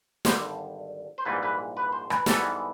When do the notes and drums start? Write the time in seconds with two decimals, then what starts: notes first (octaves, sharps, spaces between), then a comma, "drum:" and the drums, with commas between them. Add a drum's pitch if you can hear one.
0.25 G#1 G2 D3 G3 C5, drum: snare
1.18 C5
1.25 A#1 G#2 E3 G3 A#3 B4
1.43 B4
1.77 B4
1.93 C5
2.10 B4, drum: rim click
2.26 G#2 E3 G3 B3 A4, drum: snare